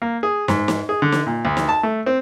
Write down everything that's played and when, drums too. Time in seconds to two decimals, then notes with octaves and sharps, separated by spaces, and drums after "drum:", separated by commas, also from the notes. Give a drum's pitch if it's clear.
0.02 A#3
0.23 G#4
0.48 G#2, drum: snare
0.68 drum: snare
0.89 G#4
1.02 D3
1.12 drum: snare
1.27 A#2
1.45 D2
1.57 drum: snare
1.69 A5
1.83 A3
2.06 C4